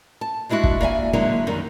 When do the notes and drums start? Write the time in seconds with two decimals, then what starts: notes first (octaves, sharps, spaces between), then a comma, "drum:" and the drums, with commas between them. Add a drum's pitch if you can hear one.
0.21 A5
0.49 G3 G#3 D4 E4 F#4
0.64 drum: kick
0.81 A#3 D5 E5 G#5
1.13 D3 F#3 G#3 A#3 D4 E4
1.47 F#2 D#3 G3